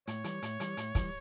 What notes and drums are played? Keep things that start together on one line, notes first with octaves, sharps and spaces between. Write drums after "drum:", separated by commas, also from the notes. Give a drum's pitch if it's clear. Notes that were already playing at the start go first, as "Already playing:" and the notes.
A2 C#5, drum: hi-hat
E3 G3, drum: hi-hat
A2, drum: hi-hat
E3 G3, drum: hi-hat
A2, drum: hi-hat
E3 G3, drum: kick, hi-hat